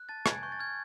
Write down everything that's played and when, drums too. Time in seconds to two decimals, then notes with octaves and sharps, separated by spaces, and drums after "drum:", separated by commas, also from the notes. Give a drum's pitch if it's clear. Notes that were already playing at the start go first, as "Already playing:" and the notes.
Already playing: F#6
0.09 A5 A6
0.26 G#5 G#6, drum: rim click
0.43 C#6 G6
0.52 A6
0.59 F6 G#6